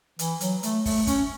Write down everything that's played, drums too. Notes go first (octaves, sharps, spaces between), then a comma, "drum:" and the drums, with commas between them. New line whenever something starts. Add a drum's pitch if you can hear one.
E3, drum: hi-hat
F#3, drum: hi-hat
A3, drum: hi-hat
A3, drum: kick, open hi-hat
C#4, drum: kick, hi-hat